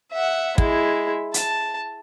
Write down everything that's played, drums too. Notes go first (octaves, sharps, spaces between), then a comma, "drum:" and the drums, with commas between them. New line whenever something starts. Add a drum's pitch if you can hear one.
E5 F#5
G#3 E4, drum: kick
A5, drum: hi-hat